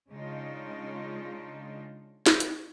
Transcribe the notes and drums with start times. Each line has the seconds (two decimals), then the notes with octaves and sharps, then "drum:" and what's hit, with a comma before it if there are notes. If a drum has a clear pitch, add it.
0.10 C#3 G#3 D4 D#4 F4
2.26 drum: snare
2.40 drum: hi-hat